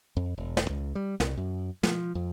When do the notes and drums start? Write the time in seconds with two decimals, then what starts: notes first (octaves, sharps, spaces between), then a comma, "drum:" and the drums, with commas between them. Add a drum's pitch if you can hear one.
0.17 F2
0.38 E1
0.57 drum: snare
0.70 C#2
0.95 G3
1.20 C2, drum: snare
1.37 F#2
1.83 F3, drum: snare
2.15 F2